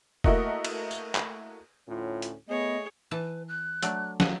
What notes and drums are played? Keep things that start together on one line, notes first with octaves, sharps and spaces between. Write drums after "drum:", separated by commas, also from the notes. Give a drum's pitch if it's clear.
A3 A#3 E4 F#4 A#4 D#5, drum: kick E1
drum: cymbal
drum: tambourine
drum: clap
D2 A2 C#4 F4
drum: hi-hat
A3 B3 G#4 C#5 D#5
E3 B4 A5
F#6
F#3 A3 D4, drum: hi-hat
F#3 D#5 F5 F#5, drum: snare